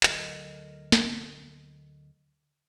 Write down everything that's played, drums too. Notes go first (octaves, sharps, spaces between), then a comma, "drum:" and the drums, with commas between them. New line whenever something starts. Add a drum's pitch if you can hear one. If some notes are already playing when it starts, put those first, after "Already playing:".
D2 F#3 A4 A#4 D5 D#5, drum: clap
drum: snare